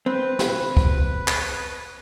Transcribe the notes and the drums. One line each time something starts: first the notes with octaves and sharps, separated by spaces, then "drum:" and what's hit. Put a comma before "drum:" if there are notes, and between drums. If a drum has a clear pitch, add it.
C4 B4
drum: snare
drum: kick
drum: clap